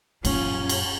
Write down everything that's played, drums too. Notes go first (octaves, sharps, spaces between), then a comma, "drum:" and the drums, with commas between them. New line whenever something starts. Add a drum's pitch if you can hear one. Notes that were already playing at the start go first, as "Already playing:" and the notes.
F#2 A#2 C#4 F4, drum: cymbal
drum: cymbal